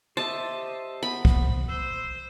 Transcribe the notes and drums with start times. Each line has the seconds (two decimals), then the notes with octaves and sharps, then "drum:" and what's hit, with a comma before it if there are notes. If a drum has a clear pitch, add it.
0.17 G4 C5 D#5 E5 A5
1.03 B3 B5
1.25 drum: kick C2
1.68 C5 E6